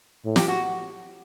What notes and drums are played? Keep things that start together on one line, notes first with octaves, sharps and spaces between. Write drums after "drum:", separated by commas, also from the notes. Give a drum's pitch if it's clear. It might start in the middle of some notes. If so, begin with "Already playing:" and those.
A2
G4, drum: snare
F#4